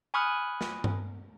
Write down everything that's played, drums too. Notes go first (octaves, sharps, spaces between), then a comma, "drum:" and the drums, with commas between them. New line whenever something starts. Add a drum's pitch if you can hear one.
G#5 B5 C#6 D#6 F6 F#6
drum: snare
drum: tom G2